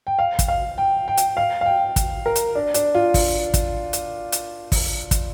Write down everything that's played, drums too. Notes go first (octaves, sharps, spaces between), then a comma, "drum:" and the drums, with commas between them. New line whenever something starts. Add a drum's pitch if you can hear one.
G5
F5
drum: kick, hi-hat
F5
G5
G5
drum: hi-hat
F5
F5
G5
drum: kick, hi-hat
A#4
drum: hi-hat
D4
D4, drum: hi-hat
F4
drum: kick, open hi-hat
drum: kick, hi-hat
drum: hi-hat
drum: hi-hat
drum: kick, open hi-hat
drum: kick, hi-hat